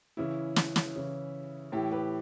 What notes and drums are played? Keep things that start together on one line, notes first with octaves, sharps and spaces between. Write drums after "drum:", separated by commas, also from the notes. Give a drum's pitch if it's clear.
C#3 E3 C#4 E4
drum: snare
drum: snare
C#3 E3
A2 E3 E4 G4
G4 B4